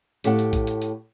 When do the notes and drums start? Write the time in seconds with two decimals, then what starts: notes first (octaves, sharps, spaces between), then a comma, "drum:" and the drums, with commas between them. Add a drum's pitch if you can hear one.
0.24 A2 G4 A4 F5 F#5, drum: hi-hat
0.39 drum: hi-hat
0.53 drum: kick, hi-hat
0.67 drum: hi-hat
0.82 drum: hi-hat